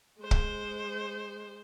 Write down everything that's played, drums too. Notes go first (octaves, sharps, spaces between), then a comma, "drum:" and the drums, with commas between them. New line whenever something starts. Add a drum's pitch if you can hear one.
G#3 C5
drum: kick